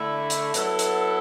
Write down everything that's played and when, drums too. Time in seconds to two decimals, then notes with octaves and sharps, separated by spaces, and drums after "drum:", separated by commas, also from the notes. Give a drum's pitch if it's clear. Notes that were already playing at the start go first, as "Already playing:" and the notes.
Already playing: D3 A3 E4
0.30 drum: hi-hat
0.54 F#3 B3 E4 A4, drum: hi-hat
0.79 drum: hi-hat